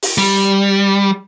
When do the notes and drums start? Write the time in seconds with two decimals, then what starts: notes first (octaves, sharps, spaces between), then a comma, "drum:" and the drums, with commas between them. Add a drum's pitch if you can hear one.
0.02 drum: open hi-hat
0.18 G3